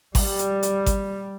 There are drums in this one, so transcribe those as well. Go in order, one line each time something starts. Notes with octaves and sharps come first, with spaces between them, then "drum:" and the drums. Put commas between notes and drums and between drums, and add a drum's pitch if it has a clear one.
G3, drum: kick G#1, open hi-hat
drum: hi-hat
drum: hi-hat
drum: kick G#1, hi-hat